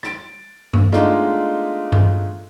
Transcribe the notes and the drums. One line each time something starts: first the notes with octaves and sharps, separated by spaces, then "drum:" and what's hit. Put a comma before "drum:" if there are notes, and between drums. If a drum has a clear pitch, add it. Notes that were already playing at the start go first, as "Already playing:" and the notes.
A6 D7, drum: rim click
drum: tom G2
G#3 A3 B3 D4 D#4 F4, drum: rim click
drum: tom G2